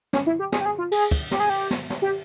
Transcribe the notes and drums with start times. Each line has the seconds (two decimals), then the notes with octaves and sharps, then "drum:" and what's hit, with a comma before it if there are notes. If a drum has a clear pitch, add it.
0.13 C#4, drum: snare
0.27 E4
0.39 G4
0.52 G#4, drum: snare
0.61 G4
0.66 G#4
0.78 F4
0.92 G#4, drum: cymbal
1.11 drum: kick, cymbal
1.31 G4, drum: snare
1.40 G#4
1.50 G4, drum: cymbal
1.70 drum: snare
1.90 drum: snare
2.02 G4